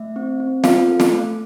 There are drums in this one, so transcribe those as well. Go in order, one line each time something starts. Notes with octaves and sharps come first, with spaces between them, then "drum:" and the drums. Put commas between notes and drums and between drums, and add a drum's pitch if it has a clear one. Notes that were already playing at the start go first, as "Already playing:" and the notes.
Already playing: A3 E5
C4
C4
F4 F5, drum: snare
A4
drum: snare
A3